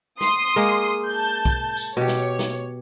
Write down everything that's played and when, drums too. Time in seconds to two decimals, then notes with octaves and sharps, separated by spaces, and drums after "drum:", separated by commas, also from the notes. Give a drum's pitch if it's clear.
0.21 C6 D#6, drum: snare
0.56 G#3 A#3
1.10 A5 G6
1.45 drum: kick
1.77 drum: tambourine
1.97 B2 G4 C#5
2.08 drum: snare
2.39 drum: snare